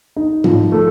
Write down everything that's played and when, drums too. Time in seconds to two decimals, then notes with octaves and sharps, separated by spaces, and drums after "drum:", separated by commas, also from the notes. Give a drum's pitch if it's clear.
0.16 D#4
0.44 F3, drum: tom G#2
0.72 A3